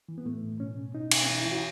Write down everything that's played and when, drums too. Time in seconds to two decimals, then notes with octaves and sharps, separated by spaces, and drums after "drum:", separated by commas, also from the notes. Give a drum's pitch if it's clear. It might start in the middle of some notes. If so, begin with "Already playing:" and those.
0.09 E3
0.18 B3
0.25 A2 A3
0.43 A2
0.60 B2 C#4
0.77 B2
0.94 B2 D#4
1.11 B2, drum: cymbal
1.23 C#4
1.28 E3 D#4
1.40 E4
1.45 E3
1.52 F#4